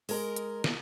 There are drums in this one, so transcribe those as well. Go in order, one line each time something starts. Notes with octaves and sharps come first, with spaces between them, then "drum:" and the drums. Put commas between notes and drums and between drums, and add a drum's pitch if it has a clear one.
G#3 A#4 D#5, drum: open hi-hat
drum: hi-hat
drum: snare